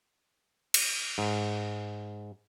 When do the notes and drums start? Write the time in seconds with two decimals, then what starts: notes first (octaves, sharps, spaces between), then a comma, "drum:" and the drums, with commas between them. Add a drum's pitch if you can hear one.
0.74 drum: cymbal
1.18 G#2